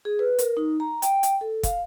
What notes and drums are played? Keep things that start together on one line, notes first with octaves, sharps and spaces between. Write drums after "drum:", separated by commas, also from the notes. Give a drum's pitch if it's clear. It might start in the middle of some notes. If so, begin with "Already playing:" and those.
G#4
B4
A#4, drum: hi-hat
D#4
A#5
G5, drum: hi-hat
drum: hi-hat
A4
F5, drum: kick, hi-hat